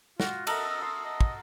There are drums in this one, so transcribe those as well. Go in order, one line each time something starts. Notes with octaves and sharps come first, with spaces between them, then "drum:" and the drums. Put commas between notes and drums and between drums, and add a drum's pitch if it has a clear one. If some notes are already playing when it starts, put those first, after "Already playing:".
F4 F#4, drum: snare
A4 A#4 D#5 E5, drum: cymbal
C6 D#6
D#5
drum: kick